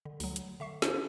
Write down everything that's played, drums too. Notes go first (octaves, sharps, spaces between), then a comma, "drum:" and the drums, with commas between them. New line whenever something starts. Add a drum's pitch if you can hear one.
D3
D2 F#3, drum: open hi-hat
drum: hi-hat
D3 E5 C#6 C7
C#4 D4 E4 F#4 G4 C5, drum: snare